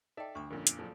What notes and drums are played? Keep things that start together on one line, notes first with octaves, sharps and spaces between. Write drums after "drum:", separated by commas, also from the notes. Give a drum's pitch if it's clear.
D#4 A4 D5 E5 G5 A5
D2 C#6 D#6
F2 A#2 D3 F3 C#4 A#4
D4 D7, drum: hi-hat
F#1 F3 A4 D5